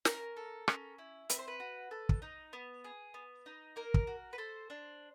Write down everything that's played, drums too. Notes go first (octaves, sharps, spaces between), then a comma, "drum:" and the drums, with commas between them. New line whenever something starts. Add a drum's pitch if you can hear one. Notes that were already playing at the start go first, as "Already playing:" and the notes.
C#4 A#4, drum: snare
A4
C#4 A#4, drum: rim click
E4
C4 B4, drum: hi-hat
C5
B4
F#4
A4
drum: kick
D#4
B3
G#4
B3
D#4
A#3 A#4
drum: kick
F#4
B4
A4 C5
D4